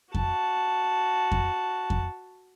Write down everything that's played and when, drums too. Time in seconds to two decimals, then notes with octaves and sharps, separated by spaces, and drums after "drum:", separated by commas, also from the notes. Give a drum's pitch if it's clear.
0.14 F#4 A5, drum: kick F2
1.32 drum: kick F2
1.90 drum: kick F2